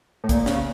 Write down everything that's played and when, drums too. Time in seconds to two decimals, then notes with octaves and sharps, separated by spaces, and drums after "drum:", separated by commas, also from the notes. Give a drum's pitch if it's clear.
0.24 A2
0.29 A#2, drum: kick, hi-hat
0.46 C#3, drum: snare